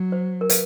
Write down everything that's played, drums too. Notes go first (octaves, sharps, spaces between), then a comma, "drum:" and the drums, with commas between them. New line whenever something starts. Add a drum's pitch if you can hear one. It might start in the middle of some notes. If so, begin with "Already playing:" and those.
Already playing: F#3
C5
A#4
B4, drum: hi-hat